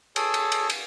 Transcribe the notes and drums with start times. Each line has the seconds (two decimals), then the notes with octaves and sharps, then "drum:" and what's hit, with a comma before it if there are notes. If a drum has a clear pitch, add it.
0.16 G#4 A4 C#5, drum: cymbal
0.34 drum: cymbal
0.52 drum: cymbal
0.70 drum: cymbal